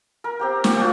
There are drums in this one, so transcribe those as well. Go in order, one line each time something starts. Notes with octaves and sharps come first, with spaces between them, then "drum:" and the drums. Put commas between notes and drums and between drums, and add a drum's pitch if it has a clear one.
A#4
C4 G4 G5
G4 F#5 G5, drum: snare
C4 D4 F4 F#4